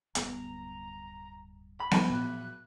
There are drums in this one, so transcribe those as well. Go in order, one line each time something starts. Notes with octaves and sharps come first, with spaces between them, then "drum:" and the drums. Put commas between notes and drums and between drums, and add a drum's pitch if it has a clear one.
D1 G2 B3 A#5, drum: hi-hat
B5
drum: snare B3
A#2 F3 F#3 F#6